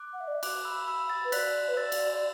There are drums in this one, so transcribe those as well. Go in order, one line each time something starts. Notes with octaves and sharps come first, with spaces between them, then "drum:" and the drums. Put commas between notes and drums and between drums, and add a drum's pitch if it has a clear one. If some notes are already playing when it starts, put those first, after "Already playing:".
Already playing: D6 F#6
F#5
E5
D5
E5
D6 F#6, drum: cymbal
B5 E6
B5 E6
E6 A6
B4
D5 F#6 B6, drum: cymbal
B4
D5 E6 A6
drum: cymbal
D5